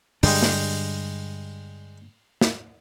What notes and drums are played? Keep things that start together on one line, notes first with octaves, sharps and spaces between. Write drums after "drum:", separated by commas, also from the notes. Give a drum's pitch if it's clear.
G2 D3 G3 G#3 D4 G5, drum: open hi-hat
drum: snare
drum: snare